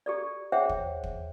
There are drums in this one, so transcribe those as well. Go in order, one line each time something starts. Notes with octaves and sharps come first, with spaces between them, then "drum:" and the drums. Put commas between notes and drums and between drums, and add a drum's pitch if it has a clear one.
G4 A4 D5
G#4 C5 C#5 E5 F#5 G5
drum: kick
drum: kick